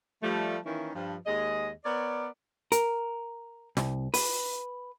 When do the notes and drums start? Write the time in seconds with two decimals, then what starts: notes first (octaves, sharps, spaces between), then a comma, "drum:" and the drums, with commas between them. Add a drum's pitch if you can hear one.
0.22 F3 G3 A3
0.65 D#3 E3 A#3 C#4 D#4 E4
0.94 G2 F3
1.26 D#2 G#3 G#4 D#5
1.85 B3 A#4 C#5 D5
2.72 A#4, drum: hi-hat
3.77 C2, drum: snare
4.14 B4, drum: open hi-hat